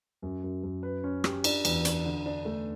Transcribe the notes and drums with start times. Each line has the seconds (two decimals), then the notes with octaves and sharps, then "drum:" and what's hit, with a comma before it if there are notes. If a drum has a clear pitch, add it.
0.22 F#2
0.43 F#2
0.63 F#2
0.83 B4
1.03 C#4
1.24 G4, drum: rim click
1.44 D4, drum: cymbal
1.65 E2, drum: cymbal
1.85 D4, drum: hi-hat
2.05 D3
2.26 D4
2.45 A3